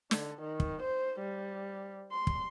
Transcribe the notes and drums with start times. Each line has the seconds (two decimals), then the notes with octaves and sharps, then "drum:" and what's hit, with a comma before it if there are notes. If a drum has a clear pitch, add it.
0.11 D3, drum: snare
0.41 D#3
0.60 drum: kick
0.82 C5
1.20 G3
2.12 C6
2.27 drum: kick